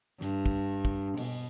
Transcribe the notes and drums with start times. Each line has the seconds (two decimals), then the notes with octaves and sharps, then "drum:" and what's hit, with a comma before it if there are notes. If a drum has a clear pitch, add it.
0.21 G2, drum: snare
0.46 drum: kick
0.85 drum: kick
1.17 B2, drum: cymbal